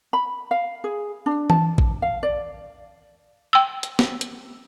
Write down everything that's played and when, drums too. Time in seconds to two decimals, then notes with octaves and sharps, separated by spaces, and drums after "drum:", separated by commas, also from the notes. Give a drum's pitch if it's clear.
0.13 B5
0.51 F5
0.84 G#4
1.26 D4
1.50 A5, drum: tom E3
1.78 drum: kick A1
2.02 F5
2.23 D5
3.53 G5 E6
3.83 drum: hi-hat
3.99 drum: snare
4.21 drum: hi-hat